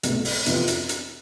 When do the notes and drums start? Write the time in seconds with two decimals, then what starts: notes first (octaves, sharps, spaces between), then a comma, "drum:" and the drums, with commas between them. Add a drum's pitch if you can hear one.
0.03 C2 B2 A3, drum: hi-hat
0.25 drum: open hi-hat
0.46 F2 C3 E3 B3 F4, drum: hi-hat
0.68 drum: hi-hat
0.89 drum: hi-hat